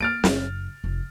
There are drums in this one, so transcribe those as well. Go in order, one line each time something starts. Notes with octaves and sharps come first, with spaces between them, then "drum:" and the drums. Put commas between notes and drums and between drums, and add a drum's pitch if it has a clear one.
A#3 F6 A6 D7
F#1 F#2, drum: snare
F1